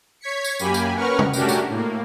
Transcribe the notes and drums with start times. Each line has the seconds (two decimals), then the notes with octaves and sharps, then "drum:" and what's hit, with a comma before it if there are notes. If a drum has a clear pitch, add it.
0.21 C#5 G#6 B6 C#7
0.44 drum: tambourine
0.59 F#2 A#3 G4 G#5 B5, drum: tambourine
0.74 drum: tambourine
0.96 C#4 A#4 B4 F#5 C#6 F6
1.19 drum: tom C3
1.34 A3 C#4 D4 F#4 G4 A#4, drum: tambourine
1.49 drum: tambourine
1.69 A2 A#3